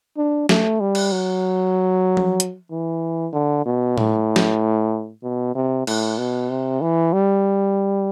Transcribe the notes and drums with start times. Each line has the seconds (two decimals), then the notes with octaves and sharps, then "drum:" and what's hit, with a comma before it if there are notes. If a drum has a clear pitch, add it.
0.17 D4
0.49 A3, drum: snare
0.80 G3
0.95 drum: cymbal
1.12 F#3
2.17 drum: tom F3
2.40 drum: hi-hat
2.71 E3
3.33 D3
3.66 B2
3.98 A2, drum: tom A2
4.36 drum: snare
5.23 B2
5.55 C3
5.87 A2, drum: cymbal
6.18 B2
6.50 C3
6.81 E3
7.13 G3